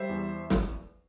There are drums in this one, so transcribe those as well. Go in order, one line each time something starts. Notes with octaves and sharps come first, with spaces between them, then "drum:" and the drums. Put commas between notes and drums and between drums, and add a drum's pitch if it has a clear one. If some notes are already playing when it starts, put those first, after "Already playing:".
Already playing: G3 C5 E5
E2
drum: snare